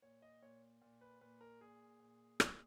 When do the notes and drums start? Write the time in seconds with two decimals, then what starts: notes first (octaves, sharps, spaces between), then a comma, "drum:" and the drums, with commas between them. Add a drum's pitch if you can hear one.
0.02 A#2 C#5
0.22 D#5
0.42 A#2 C#5
0.82 A#2
1.01 B4
1.21 A#2 B4
1.41 A#4
1.61 A#2 G#4
2.00 A#2
2.40 A#2, drum: rim click